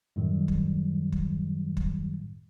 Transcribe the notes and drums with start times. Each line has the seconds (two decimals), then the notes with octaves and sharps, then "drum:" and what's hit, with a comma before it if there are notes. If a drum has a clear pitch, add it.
0.16 F#2 A2 D#3 F#3 G3
0.48 drum: kick
1.12 drum: kick
1.77 drum: kick